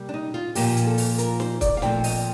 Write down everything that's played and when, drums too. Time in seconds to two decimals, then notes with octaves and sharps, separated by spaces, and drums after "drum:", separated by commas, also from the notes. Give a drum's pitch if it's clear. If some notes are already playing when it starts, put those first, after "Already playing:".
Already playing: C3 G3 A#3
0.09 D4
0.14 D#4
0.34 F4
0.55 A#2 F3 A#3 G4, drum: open hi-hat
0.77 drum: hi-hat
0.87 A4
0.98 drum: open hi-hat
1.18 A#4, drum: hi-hat
1.40 C5, drum: snare
1.61 D5, drum: kick, hi-hat
1.77 F5
1.82 A#2 F3 A3 C4 G5, drum: snare
2.04 D#5, drum: open hi-hat